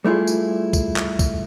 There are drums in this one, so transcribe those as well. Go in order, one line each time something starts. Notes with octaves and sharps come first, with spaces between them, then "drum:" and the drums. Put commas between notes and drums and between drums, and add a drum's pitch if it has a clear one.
G3 A3 E4 F4 G#4
drum: tambourine
drum: kick, tambourine
drum: clap
drum: kick, tambourine